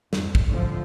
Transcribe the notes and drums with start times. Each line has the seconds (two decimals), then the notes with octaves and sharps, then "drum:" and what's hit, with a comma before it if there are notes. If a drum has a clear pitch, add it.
0.13 F2, drum: snare
0.35 drum: kick
0.49 A2 D3 F3